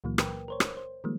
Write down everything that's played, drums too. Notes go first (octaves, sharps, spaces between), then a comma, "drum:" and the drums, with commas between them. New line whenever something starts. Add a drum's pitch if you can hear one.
C#2 A#2 E3 F#3 A#3
A#4 B4 G5, drum: rim click
A#4 C5 C#5
drum: rim click
C5
D#3 F3 G3 G#3 A#3